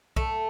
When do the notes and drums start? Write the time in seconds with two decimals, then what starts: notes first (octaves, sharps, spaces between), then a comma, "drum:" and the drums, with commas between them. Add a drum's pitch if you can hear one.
0.16 A3, drum: kick B1